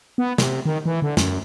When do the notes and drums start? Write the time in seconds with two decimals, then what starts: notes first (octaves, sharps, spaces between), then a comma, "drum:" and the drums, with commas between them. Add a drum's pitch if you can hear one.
0.18 B3
0.38 C3, drum: snare
0.65 D#3
0.86 E3
1.02 D3
1.17 F#2, drum: snare